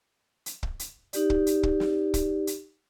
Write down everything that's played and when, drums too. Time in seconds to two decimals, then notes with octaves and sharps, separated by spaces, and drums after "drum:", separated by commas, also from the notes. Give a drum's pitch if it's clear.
0.46 drum: hi-hat
0.63 drum: kick
0.79 drum: hi-hat
1.13 D#4 G4 D5, drum: hi-hat
1.30 drum: kick
1.47 drum: hi-hat
1.63 drum: kick
1.80 drum: snare
2.14 drum: kick, hi-hat
2.47 drum: hi-hat